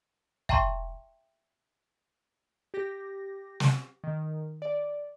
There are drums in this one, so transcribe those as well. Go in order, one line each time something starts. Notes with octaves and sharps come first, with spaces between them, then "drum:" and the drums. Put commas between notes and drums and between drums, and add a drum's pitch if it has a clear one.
E5 G5 A5 A#5 C6 C#6, drum: kick
G4 A#6
drum: snare
D#3
D5